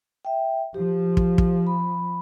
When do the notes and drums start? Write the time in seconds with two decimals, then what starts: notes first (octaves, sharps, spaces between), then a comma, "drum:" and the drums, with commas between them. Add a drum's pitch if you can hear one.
0.25 E5 G5
0.74 F3 G4
1.17 drum: kick
1.38 drum: kick
1.67 B5